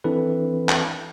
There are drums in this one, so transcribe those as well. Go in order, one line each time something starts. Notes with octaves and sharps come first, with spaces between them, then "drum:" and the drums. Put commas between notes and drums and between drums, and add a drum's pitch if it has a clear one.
E3 C4 D4 E4 A4 B4
drum: clap